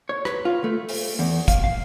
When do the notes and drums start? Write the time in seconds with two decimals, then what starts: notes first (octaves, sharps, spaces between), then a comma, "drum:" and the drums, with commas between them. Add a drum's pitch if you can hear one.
0.09 C#5
0.25 B4, drum: rim click
0.45 F4
0.64 A3
0.89 drum: open hi-hat
1.19 E2
1.48 F5, drum: kick, hi-hat
1.64 F5